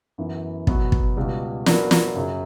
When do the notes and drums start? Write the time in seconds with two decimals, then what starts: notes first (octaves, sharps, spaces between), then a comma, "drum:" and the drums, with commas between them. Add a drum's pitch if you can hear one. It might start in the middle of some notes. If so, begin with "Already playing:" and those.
0.18 F#2 E3 B3
0.67 B2 F#3 B3 F#4 B4, drum: kick
0.92 drum: kick
1.17 C#2 B2 G3
1.66 F#3 B3 D4 A#4, drum: snare
1.91 drum: snare
2.16 F#2 C#3 F#3